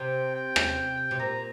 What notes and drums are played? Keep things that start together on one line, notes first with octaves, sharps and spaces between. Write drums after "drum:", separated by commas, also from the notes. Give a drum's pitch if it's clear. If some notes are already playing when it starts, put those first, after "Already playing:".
Already playing: C3 G5
G5
drum: rim click
C3
A#2 A#5